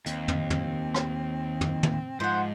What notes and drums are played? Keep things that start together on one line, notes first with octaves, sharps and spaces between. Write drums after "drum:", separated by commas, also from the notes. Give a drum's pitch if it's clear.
D#2 C4, drum: hi-hat
drum: tom
drum: tom
drum: rim click
drum: tom
drum: tom
G#2 F3 C5 F#5